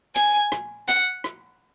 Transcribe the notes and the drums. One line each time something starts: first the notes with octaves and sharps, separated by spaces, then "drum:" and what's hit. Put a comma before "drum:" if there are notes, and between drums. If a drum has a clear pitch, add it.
G#5, drum: hi-hat
drum: rim click
F#5, drum: hi-hat
drum: rim click